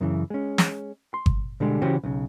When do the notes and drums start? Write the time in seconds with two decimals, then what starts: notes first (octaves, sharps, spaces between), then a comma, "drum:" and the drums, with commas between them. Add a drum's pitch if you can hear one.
0.01 F#2 C#3 E3
0.30 G#3 C#4
0.58 drum: snare
1.14 C6
1.26 drum: kick G1
1.60 B2 D3 G3 G#3
1.82 C#3 E3 C#4 F#4 G4 C5
2.04 B1 C#3